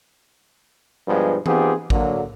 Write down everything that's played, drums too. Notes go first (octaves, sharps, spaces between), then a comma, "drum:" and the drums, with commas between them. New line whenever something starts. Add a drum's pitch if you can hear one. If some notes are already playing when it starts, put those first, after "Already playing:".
G2 B2 F3 G#3 B3
B3 C4 D#4 F4 G4 G#4, drum: tom E3
D3 F#3 A#3, drum: kick